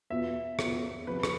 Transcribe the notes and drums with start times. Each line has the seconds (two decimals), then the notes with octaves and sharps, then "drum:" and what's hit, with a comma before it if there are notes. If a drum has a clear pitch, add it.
0.10 E2 B2 B3 F4 E5
0.59 E2 B2 B3 F4, drum: rim click
1.07 C3 F3 B3 B4
1.23 drum: rim click